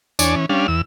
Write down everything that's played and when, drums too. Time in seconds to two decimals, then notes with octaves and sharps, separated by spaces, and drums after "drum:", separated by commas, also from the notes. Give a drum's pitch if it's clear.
0.19 E2 D4 C#5 D5 G#5, drum: tambourine
0.36 E3 C#4
0.49 G3 C#4 D4 F5
0.68 E2 E6